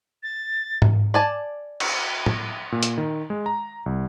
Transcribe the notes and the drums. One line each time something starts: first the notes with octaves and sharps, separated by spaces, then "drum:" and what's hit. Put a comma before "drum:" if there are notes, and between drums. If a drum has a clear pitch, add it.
A6
drum: tom G#2
D5 G#5 A5
drum: cymbal
drum: tom
A#2
drum: hi-hat
D#3
G#3
A#5
C2